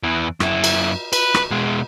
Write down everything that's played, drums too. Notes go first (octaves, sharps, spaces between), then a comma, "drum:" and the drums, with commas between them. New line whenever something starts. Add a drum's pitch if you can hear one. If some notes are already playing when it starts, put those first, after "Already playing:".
E2 E3
F#2 E4, drum: rim click
drum: cymbal
B4, drum: cymbal
drum: rim click
B2 G#3